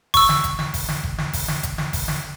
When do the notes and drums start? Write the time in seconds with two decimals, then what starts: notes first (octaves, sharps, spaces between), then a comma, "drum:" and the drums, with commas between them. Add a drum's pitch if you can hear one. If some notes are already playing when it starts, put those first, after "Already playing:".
0.14 C#6 E6, drum: kick G1, open hi-hat
0.29 drum: snare
0.44 drum: kick G1, hi-hat
0.59 drum: snare
0.74 drum: kick G1, open hi-hat
0.89 drum: snare
1.03 drum: kick G1
1.18 drum: snare
1.33 drum: kick G1, open hi-hat
1.48 drum: snare
1.63 drum: kick G1, hi-hat
1.78 drum: snare
1.93 drum: kick G1, open hi-hat
2.08 drum: snare